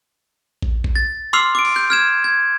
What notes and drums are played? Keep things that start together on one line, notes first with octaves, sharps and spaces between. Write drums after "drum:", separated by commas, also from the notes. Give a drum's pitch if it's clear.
drum: kick
drum: kick
A6
C6 D6 E6 F6 C7 F7
D6 D7
drum: cymbal
G6
F6 G#6 E7
G#6